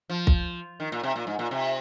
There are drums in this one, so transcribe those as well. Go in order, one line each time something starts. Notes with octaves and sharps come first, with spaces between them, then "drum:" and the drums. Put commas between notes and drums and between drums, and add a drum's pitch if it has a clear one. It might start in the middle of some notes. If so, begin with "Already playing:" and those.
F3
drum: kick
D#3
A#2
C3
A#2
G#2
A#2
C3